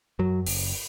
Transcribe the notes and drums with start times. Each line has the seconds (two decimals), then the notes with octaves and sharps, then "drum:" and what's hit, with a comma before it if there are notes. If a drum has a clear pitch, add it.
0.19 F#2 F#3
0.47 F#1, drum: open hi-hat